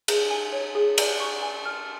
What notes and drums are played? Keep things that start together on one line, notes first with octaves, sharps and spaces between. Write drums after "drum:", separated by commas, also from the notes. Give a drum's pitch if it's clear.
G#4, drum: cymbal
G#5
C#5
G#4
D5, drum: cymbal
C#6
G#5
F6